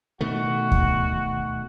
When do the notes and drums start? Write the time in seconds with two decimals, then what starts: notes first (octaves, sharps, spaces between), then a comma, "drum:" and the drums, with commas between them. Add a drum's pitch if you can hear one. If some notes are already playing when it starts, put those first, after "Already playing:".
0.21 B2 D#3 A3 F#4
0.72 drum: kick D2